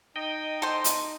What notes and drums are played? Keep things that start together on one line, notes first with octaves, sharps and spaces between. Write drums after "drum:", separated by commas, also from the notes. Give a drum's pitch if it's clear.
D#4 D#5 G5
A4 C5
drum: hi-hat